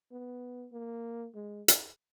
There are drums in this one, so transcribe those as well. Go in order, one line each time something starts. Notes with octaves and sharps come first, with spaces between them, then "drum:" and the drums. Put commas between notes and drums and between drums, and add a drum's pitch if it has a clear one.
B3
A#3
G#3
drum: hi-hat